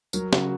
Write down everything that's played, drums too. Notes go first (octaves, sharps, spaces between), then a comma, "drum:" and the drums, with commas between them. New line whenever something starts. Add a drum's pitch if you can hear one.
F#3 A#4, drum: tambourine
C#3 F#4, drum: snare